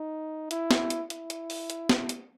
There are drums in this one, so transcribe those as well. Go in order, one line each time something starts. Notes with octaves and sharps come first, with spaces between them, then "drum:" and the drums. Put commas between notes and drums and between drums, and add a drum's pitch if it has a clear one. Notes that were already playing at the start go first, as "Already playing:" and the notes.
Already playing: D#4
E4, drum: hi-hat
drum: snare
drum: hi-hat
E4, drum: hi-hat
drum: hi-hat
drum: open hi-hat
drum: hi-hat
drum: snare
drum: hi-hat